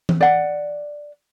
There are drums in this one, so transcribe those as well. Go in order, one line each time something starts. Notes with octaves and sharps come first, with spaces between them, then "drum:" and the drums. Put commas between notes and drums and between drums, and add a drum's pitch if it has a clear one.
drum: tom E3
D5 F#5